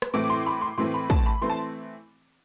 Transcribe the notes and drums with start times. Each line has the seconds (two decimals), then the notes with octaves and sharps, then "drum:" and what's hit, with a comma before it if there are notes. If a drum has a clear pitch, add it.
0.02 drum: rim click
0.14 A2 E3 A3 C4 D6
0.30 C6
0.46 B5
0.61 C6
0.77 A2 E3 A3 C4 C6
0.94 B5
1.10 A5, drum: kick
1.26 B5
1.41 E3 A3 C4 C6
1.50 A5